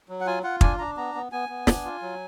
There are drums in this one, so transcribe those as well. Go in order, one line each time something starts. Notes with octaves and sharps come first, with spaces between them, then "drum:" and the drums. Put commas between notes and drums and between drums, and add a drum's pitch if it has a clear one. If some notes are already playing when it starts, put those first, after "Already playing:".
F#3
F#5
F4 G#5
F4 F#5
D4 G#5, drum: kick
D4 A#5
B3 A#5
B3
B3 G#5
B3
D4, drum: snare
F4
F#3